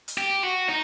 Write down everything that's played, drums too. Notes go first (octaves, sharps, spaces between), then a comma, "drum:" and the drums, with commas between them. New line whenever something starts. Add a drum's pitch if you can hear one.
drum: hi-hat
G4
F#4
D#4